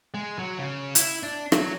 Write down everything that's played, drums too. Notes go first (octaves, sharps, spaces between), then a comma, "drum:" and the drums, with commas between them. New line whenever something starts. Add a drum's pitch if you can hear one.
G#3
F#3
C#3
E4, drum: hi-hat
D4
F#3, drum: rim click